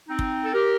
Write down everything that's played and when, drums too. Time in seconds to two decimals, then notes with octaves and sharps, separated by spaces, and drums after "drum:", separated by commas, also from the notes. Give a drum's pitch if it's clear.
0.09 C4 D#4
0.19 drum: kick
0.44 A4
0.54 G4 A#4